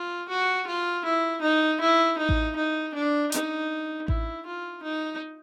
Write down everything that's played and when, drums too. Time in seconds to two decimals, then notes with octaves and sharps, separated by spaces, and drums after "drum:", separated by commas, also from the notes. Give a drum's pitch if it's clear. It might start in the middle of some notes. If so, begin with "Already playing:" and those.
Already playing: F4
0.29 F#4
0.67 F4
1.05 E4
1.42 D#4
1.80 E4
2.18 D#4
2.29 drum: kick A1
2.56 D#4
2.94 D4
3.32 D#4, drum: hi-hat
4.08 E4, drum: kick A1
4.46 F4
4.83 D#4